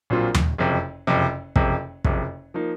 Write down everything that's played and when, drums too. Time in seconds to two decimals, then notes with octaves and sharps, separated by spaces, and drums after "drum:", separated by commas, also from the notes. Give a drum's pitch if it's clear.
0.10 A#1 A#2 F#3 C4 F4
0.34 drum: tom D#2
0.58 F#1 F2 C3
1.07 F#1 F2 C3
1.56 F#1 F2 C3, drum: kick
2.05 F#1 F2 C3, drum: kick
2.54 F3 A#3 D#4